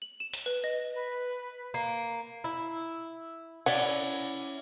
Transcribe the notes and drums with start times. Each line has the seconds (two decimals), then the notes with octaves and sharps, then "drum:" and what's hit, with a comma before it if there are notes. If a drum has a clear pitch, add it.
0.02 F#7
0.20 E7
0.34 drum: hi-hat
0.46 B4
0.64 D#5
0.95 B4
1.74 A#3
2.44 E4
3.66 C#4 E4 D5 F#5, drum: cymbal